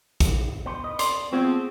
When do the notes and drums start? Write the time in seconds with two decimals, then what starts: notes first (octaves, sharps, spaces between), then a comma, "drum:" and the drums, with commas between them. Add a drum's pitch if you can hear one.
0.20 drum: kick G#1, hi-hat
0.66 B3 C5
0.84 B4 D#5
0.99 D5 C6, drum: hi-hat
1.32 F3 A3 B3 C4 G#4